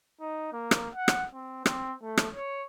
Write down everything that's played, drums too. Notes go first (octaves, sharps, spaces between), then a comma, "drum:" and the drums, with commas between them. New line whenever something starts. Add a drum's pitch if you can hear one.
D#4
A#3
drum: rim click
F#5
drum: rim click
C4
C4, drum: rim click
A3
drum: rim click
C#5